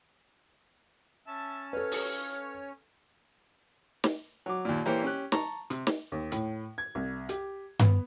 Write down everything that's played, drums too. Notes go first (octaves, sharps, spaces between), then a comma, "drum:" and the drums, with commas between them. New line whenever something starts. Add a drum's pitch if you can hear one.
C#4 E5 A5
A4 B4 C#5 F5
drum: open hi-hat
drum: snare
F#3 D6
D#2 A#2
E3 A#3 E4 G4 C5 C#5
C#4 G4 F#6
A5 A#5 C#6, drum: snare
C3, drum: hi-hat
drum: snare
D#2
A2, drum: hi-hat
G#6
C2
G4, drum: hi-hat
B3, drum: tom G2